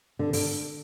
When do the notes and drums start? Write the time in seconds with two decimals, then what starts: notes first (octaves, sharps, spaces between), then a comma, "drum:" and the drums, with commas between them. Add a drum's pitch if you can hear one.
0.19 D3
0.33 D3, drum: open hi-hat